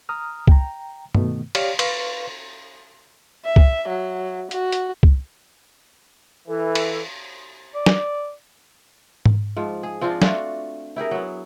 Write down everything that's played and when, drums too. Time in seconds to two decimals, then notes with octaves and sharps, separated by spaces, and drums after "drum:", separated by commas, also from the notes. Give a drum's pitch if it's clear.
0.09 A#5 D#6 F6
0.47 G5 A#5, drum: kick C2
1.15 B2 D#3 A3 B3, drum: tom
1.55 G4 C#5 D5 F5, drum: cymbal
1.79 B4 F5 C6 C#6, drum: cymbal
3.45 E5
3.56 drum: kick C2
3.88 F#3
4.51 F#4, drum: hi-hat
4.72 drum: hi-hat
5.03 drum: kick C2
6.48 E3 A4
6.75 drum: cymbal
7.75 D5
7.86 drum: snare
9.26 drum: tom G#2
9.57 G#2 F3
9.83 G#4
10.01 F3 C4 D4 F4
10.22 A3 D4 F4 F#4, drum: snare
10.96 E4 G4 G#4 A#4
11.11 F#3 B3